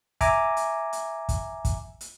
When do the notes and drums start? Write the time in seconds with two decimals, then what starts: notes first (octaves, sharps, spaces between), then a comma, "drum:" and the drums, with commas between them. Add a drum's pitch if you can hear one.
0.21 E5 G#5 A#5 D6, drum: kick, hi-hat
0.57 drum: hi-hat
0.93 drum: hi-hat
1.29 drum: kick, hi-hat
1.65 drum: kick, hi-hat
2.01 drum: hi-hat